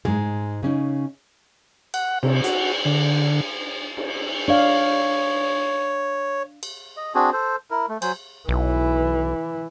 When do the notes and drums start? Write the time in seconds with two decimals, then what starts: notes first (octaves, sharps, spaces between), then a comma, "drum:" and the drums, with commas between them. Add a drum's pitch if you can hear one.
0.05 G#2 G#3, drum: tom
0.63 C#3 C#4 D#4
1.94 F#5, drum: cymbal
2.23 C3, drum: cymbal
2.44 F#4, drum: hi-hat
2.85 D3
3.97 drum: cymbal
4.48 D4 C#5 D5 F5
6.63 drum: cymbal
6.97 D#5
7.15 C4 D4 F#4 G#4
7.33 A4 C5
7.71 E4 A#4
7.89 A3
8.02 F#3 C5 G#5, drum: cymbal
8.49 B1 E3